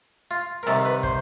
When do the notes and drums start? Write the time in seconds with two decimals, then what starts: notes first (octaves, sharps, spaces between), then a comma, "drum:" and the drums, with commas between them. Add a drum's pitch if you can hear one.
0.31 F4
0.63 A#4
0.67 C2 C3 D#3 A4, drum: rim click
0.85 B4
1.03 C5, drum: kick